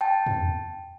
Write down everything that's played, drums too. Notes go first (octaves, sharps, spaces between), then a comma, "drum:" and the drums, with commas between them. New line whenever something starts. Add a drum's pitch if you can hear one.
G5 A5
drum: tom